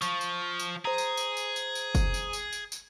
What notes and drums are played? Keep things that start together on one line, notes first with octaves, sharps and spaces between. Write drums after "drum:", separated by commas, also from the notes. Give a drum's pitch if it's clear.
F3 C#6, drum: tambourine
drum: tambourine
drum: tambourine
G#4 C5 A#5
drum: tambourine
drum: tambourine
drum: tambourine
drum: tambourine
drum: tambourine
drum: kick F#1, tambourine
drum: tambourine
drum: tambourine
drum: tambourine
drum: tambourine